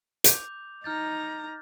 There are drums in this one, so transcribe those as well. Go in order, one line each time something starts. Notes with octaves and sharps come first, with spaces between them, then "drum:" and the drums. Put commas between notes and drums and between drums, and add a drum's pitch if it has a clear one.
D6 G6 F7, drum: hi-hat
D#4 A#5 F6 G6 A6